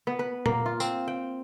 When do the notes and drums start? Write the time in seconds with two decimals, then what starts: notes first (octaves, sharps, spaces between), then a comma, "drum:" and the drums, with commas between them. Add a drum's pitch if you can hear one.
0.07 B3
0.19 B4
0.46 A#3, drum: tom A#2
0.66 F4
0.80 C4, drum: tambourine
1.08 G5